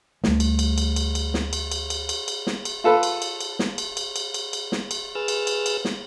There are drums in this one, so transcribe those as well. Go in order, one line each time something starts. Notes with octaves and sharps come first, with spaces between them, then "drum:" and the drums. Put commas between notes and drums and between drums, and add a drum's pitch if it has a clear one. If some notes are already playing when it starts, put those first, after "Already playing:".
D2 G3 A3, drum: snare
drum: cymbal
drum: cymbal
drum: cymbal
drum: cymbal
drum: cymbal
drum: snare
drum: cymbal
drum: cymbal
drum: cymbal
drum: cymbal
drum: cymbal
drum: snare
drum: cymbal
F4 A4 B4
drum: cymbal
drum: cymbal
drum: cymbal
drum: snare
drum: cymbal
drum: cymbal
drum: cymbal
drum: cymbal
drum: cymbal
drum: snare
drum: cymbal
G#4 B4 E6 F6 A6
drum: cymbal
drum: cymbal
drum: cymbal
drum: snare